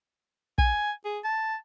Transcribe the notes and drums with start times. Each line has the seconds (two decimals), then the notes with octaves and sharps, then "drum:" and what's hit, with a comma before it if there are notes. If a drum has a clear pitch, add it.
0.58 G#5, drum: kick
1.05 G#4
1.24 A5